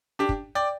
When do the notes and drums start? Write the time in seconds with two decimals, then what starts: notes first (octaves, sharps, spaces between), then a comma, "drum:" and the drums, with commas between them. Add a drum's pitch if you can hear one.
0.19 D4 G4
0.29 drum: kick
0.55 D5 G5